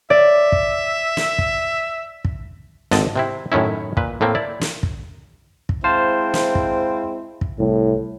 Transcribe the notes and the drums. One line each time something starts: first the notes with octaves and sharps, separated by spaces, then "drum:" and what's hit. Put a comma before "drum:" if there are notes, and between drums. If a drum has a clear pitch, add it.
D5 E5
drum: kick
drum: snare
drum: kick
drum: kick
G#1 D3 C4 D5 D#5 A5, drum: snare
C3 C4 E4
F#2 A2 D#3 C#4 E4
A#2 B4, drum: kick
A2 A3 A#3 C4
E4 D5
drum: snare
drum: kick
drum: kick
G#3 C4 E4 C5 F5 A5
drum: snare
drum: kick
drum: kick
C2 A2